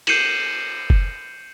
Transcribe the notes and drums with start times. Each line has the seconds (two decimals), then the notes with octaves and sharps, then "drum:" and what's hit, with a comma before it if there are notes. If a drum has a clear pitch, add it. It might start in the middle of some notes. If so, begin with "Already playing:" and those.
0.07 G6 C7 C#7 D#7 E7 F#7, drum: cymbal
0.90 drum: kick F#1